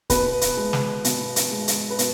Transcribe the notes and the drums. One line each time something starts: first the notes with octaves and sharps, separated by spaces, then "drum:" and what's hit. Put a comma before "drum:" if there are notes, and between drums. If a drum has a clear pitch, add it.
B2 B4, drum: kick, hi-hat
drum: hi-hat
G#3
drum: snare
B2, drum: hi-hat
drum: hi-hat
G#3
drum: hi-hat
B4
B2, drum: hi-hat